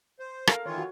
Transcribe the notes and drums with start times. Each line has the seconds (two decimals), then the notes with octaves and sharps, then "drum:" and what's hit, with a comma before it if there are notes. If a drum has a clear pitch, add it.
0.20 C5
0.47 A4 A#4 F5, drum: rim click
0.66 D#3 E3 F4 C#5
0.78 F#4